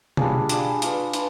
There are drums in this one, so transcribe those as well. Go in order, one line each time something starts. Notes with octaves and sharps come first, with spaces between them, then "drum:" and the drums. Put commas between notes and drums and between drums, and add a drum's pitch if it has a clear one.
G3 D4 F4 G#4, drum: tom B2
G3 D4 F4 G#4, drum: hi-hat
D4 F4 B4, drum: hi-hat
D4 F4 B4, drum: hi-hat